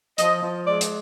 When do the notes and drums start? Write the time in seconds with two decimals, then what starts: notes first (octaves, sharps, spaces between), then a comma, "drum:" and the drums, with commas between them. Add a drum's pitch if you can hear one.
0.18 F3 D#5, drum: hi-hat
0.42 F3
0.65 G#3 D5
0.81 drum: hi-hat